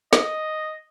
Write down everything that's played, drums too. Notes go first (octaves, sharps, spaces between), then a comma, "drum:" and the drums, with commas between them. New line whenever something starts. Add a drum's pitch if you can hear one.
D#5, drum: snare